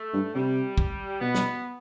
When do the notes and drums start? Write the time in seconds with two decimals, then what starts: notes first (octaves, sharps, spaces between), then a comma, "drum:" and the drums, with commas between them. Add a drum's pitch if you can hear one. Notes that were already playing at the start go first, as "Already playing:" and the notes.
Already playing: A3
0.13 G2
0.35 C3 G3
0.78 drum: kick
1.21 B2 B3
1.35 drum: snare